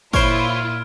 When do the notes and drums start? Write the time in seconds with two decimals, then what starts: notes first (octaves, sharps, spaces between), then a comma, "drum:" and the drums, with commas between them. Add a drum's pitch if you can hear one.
0.14 A#2 E4 F4 C5 C#5 F6 G#6 D7, drum: kick